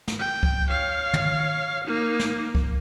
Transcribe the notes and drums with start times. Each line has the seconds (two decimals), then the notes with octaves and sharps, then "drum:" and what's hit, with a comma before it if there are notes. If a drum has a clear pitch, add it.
0.08 drum: snare
0.19 G5
0.43 drum: kick C#2
0.68 C#5 F5
1.13 drum: tom
1.84 A#3 D#4
2.19 drum: snare
2.55 drum: kick C#2